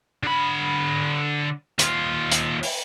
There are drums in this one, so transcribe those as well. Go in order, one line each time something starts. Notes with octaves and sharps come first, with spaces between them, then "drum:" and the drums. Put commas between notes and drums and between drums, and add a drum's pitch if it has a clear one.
D3 B5
D#2 F4, drum: hi-hat
drum: hi-hat
drum: open hi-hat